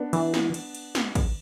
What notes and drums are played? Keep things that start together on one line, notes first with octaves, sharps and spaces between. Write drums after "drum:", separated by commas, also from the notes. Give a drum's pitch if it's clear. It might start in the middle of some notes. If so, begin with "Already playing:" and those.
Already playing: B3 D4
E3, drum: cymbal
drum: snare
drum: cymbal
drum: cymbal
drum: snare
drum: kick, cymbal